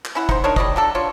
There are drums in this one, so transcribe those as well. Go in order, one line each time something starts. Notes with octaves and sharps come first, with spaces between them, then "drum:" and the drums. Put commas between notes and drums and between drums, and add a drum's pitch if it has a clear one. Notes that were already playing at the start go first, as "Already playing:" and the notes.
drum: clap
C#4 E4 F#5
D#4 C5, drum: kick
D4 D#4 A#4 C#5
G3 D5 D#5, drum: kick
F#3 D4 A4
D4 F4 C#5